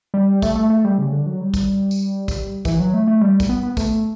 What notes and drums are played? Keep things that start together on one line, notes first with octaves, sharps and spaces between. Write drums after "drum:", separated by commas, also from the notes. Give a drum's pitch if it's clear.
G3
A3, drum: kick, tambourine
A3
A3
G3
C#3
D3
F#3
G3
drum: kick, tambourine
drum: tambourine
drum: kick, tambourine
E3, drum: kick, tambourine
F#3
A3
A3
G3
drum: kick, tambourine
B3
B3
A3, drum: kick, tambourine